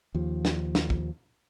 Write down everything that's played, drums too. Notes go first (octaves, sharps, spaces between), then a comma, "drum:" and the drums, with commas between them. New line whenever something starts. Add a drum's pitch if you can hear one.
D#2 F3
drum: snare
drum: snare
drum: kick